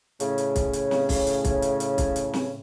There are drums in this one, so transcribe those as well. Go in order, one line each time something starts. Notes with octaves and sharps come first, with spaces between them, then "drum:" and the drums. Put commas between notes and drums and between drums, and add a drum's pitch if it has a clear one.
A2 C#3, drum: hi-hat
drum: hi-hat
drum: kick, hi-hat
drum: hi-hat
drum: snare
drum: kick, open hi-hat
drum: hi-hat
drum: kick, hi-hat
drum: hi-hat
drum: hi-hat
drum: kick, hi-hat
drum: hi-hat
drum: snare